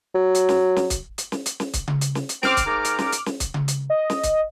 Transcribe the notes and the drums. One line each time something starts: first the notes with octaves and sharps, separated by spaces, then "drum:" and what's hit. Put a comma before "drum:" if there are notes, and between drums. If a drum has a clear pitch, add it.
F#3
drum: hi-hat
drum: snare
drum: snare
drum: kick, hi-hat
drum: hi-hat
drum: snare
drum: hi-hat
drum: snare
drum: kick, hi-hat
drum: tom C#3
drum: hi-hat
drum: snare
drum: hi-hat
C4 D6 F6 D7, drum: snare
drum: kick, hi-hat
G#2 A#4
drum: hi-hat
drum: snare
drum: hi-hat
drum: snare
drum: kick, hi-hat
drum: tom C#3
drum: hi-hat
D#5
drum: snare
drum: kick, hi-hat